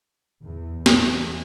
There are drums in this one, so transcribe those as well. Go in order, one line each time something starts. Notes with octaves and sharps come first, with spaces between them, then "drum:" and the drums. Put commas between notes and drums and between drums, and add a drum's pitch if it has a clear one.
E2
E2, drum: snare